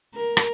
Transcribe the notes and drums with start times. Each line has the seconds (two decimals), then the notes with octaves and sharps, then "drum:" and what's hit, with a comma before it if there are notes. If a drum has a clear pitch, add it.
0.15 A#4
0.37 drum: rim click